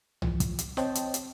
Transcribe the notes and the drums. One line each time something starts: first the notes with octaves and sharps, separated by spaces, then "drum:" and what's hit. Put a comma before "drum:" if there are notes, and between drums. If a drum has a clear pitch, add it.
E3 F3, drum: tom B1
drum: kick, hi-hat
drum: hi-hat
C4 C5 C#5 D#5 G5 A5, drum: snare
drum: hi-hat
drum: hi-hat